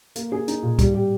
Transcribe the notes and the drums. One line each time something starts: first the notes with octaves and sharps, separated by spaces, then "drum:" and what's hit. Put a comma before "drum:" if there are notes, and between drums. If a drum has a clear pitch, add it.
A#3, drum: hi-hat
G#4
D#4, drum: hi-hat
A#2
G3, drum: kick, hi-hat
G4